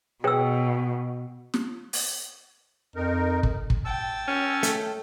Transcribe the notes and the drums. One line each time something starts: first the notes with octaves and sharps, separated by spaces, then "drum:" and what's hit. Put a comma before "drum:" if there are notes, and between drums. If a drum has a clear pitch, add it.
B2 G#4 B4 C#5 G5 E6
drum: snare
drum: open hi-hat
F2 D#4 A#4
drum: kick
drum: kick
G5 A5 E6
C#4
A3, drum: hi-hat